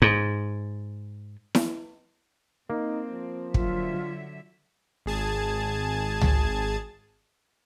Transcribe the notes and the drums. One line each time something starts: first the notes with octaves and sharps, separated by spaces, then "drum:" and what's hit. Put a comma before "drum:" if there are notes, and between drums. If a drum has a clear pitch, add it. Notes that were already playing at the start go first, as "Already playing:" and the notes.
G#2
drum: snare E4
A#3 C4 D#4
F3
D3 F#3 F4 E5, drum: kick
G#1 G#4 A5 G#6
drum: tom C#2